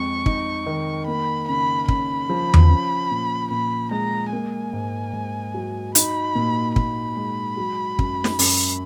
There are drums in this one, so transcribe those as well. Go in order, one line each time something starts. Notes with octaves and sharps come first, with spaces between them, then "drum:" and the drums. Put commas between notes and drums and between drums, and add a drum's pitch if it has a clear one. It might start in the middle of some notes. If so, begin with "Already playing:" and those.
Already playing: F2 G#3 C#6
D#4, drum: kick
D#3
A#3 B5
C#3 B5
C#4 B5, drum: kick
F3
drum: tom E2
C#4
A#2
A#2 B5
G#3 A#5
A#3 G#5
G#2
G#2
F#3
D#4 B5, drum: hi-hat
A#2
A#2 B5, drum: kick
G#3
F#3
F#2, drum: kick
drum: snare
F#2, drum: open hi-hat